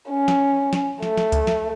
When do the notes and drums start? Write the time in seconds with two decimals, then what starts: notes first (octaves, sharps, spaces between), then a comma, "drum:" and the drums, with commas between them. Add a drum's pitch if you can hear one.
0.10 C#4
0.28 drum: snare
0.73 drum: snare
1.03 A3, drum: snare
1.17 drum: snare
1.32 drum: kick C#2, hi-hat
1.47 drum: snare